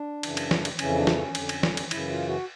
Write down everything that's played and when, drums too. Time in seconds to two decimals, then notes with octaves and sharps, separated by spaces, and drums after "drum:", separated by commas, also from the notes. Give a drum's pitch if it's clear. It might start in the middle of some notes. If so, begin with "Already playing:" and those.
Already playing: D4
0.23 F#2 C#3 E3, drum: cymbal
0.37 drum: cymbal
0.51 drum: snare
0.65 drum: cymbal
0.79 F2 C#3 E3 C#4, drum: cymbal
0.98 D4
1.07 drum: snare
1.17 C#4
1.35 F2 D3, drum: cymbal
1.49 drum: cymbal
1.63 drum: snare
1.77 drum: cymbal
1.91 F#2 C#3 E3 E4, drum: cymbal
2.10 F4
2.28 F#4